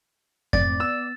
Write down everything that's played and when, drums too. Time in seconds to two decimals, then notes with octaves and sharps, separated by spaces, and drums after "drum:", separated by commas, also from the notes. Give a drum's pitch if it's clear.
0.53 G#2 A3 C4 D5 A6, drum: kick F2
0.80 B3 E6